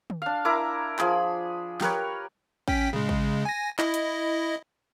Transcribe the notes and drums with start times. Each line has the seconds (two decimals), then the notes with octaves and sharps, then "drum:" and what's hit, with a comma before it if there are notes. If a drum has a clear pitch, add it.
0.10 drum: tom
0.22 D4 F5
0.45 E4 A#4 A#5 D6
0.99 F3 G#4 B5, drum: clap
1.81 G4 A#4 B4 C#5, drum: snare
2.68 C#4 G5 B6, drum: kick A1
2.93 C#3 G#3, drum: tom
3.09 drum: kick A1
3.45 G#5 A#6
3.79 E4 D#5, drum: clap
3.94 drum: hi-hat